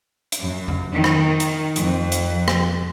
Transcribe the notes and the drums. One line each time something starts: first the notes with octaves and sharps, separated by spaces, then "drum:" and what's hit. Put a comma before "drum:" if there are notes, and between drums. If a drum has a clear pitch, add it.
drum: hi-hat
F#2
drum: tom F2
D#3
drum: rim click
drum: hi-hat
F2, drum: hi-hat
drum: hi-hat
drum: rim click